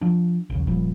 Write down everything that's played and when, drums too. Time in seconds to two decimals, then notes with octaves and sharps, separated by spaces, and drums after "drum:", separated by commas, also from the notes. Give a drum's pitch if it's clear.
0.01 F3 D4
0.50 A#1 D#2 C#3
0.67 A#2 F3 G3, drum: kick E1